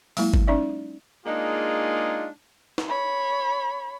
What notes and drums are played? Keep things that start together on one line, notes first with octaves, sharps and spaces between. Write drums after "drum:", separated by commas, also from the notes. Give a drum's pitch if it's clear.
F#3 G#3 A#3 E4, drum: open hi-hat
drum: kick
C#4 D#4 D5 E5
G#3 A#3 D4 D#4 F4 G#4
drum: snare
C#5 B5